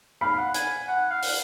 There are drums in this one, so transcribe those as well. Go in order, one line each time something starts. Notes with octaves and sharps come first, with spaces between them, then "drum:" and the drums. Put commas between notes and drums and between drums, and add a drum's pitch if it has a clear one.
F5 B5
F#5
G#5, drum: hi-hat
F#5
F5
drum: open hi-hat